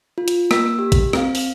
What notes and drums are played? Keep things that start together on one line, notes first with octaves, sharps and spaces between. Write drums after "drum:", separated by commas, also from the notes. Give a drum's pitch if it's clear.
F4
drum: hi-hat
A#3 E6 B6, drum: rim click
G4
drum: kick, hi-hat
C4 F5, drum: rim click
drum: open hi-hat